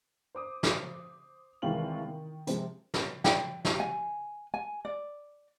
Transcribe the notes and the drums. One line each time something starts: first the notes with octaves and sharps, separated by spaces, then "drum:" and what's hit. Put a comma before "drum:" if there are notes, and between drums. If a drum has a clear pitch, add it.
C5 D6 D#6
drum: snare
C2 D#3 E3 G#3 F4 F#7
D#3
C3 F3 G#3 C4, drum: hi-hat
drum: snare
G5, drum: snare
drum: snare
G#5
G#5
D5